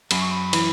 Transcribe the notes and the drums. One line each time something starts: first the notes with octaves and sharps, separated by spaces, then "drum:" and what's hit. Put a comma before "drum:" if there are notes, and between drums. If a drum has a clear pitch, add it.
F#2 B5, drum: cymbal
C#6
B5
E3, drum: cymbal